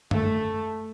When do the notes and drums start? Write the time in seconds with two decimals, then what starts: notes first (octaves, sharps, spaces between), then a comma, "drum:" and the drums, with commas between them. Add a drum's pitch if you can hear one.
0.11 A3, drum: tom F#2